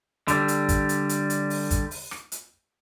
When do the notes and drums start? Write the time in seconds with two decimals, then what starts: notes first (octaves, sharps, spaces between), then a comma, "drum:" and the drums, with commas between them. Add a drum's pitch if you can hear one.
0.28 D3 G3, drum: hi-hat
0.48 drum: hi-hat
0.69 drum: kick, hi-hat
0.89 drum: hi-hat
1.09 drum: hi-hat
1.30 drum: hi-hat
1.50 drum: open hi-hat
1.71 drum: kick, hi-hat
1.91 drum: open hi-hat
2.11 drum: rim click
2.32 drum: hi-hat